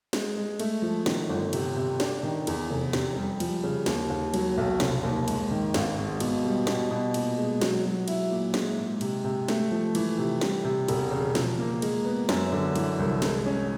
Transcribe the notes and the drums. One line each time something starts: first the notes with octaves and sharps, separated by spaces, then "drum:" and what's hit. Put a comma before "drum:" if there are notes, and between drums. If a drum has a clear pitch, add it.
G#3, drum: snare
G#3
A3, drum: cymbal
F3
D#3, drum: snare
G1
C3, drum: cymbal
C3
D4, drum: snare
D#3
E2, drum: cymbal
F1
C3, drum: snare
G3
F3, drum: cymbal
C#3
D#2, drum: snare
D#2
F#3, drum: cymbal
B1
F1, drum: snare
D#2
G#2, drum: cymbal
D#3
G#1, drum: snare
G#2
B2, drum: cymbal
G3
B2, drum: snare
B2
A#2, drum: cymbal
G#3
F#3, drum: snare
F#3
E4, drum: cymbal
A#2
G#3, drum: snare
G#2
C3, drum: cymbal
C3
A3, drum: snare
F3
E3, drum: cymbal
C3
G3, drum: snare
C3
E1, drum: cymbal
C#3
F3, drum: snare
A#3
G#3, drum: cymbal
B3
F#2, drum: snare
D3
E3, drum: cymbal
C2
G#3, drum: snare
C#4